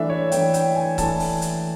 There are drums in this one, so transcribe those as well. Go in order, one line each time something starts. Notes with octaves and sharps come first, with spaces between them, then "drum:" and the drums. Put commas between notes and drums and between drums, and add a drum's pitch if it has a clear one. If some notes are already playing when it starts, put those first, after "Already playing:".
Already playing: E3 A3 D4 E5
C#5
E3 A3 D4 G5, drum: hi-hat
G5, drum: hi-hat
G#5
E3 A3 D4 A5, drum: kick C#1, hi-hat
drum: open hi-hat
drum: hi-hat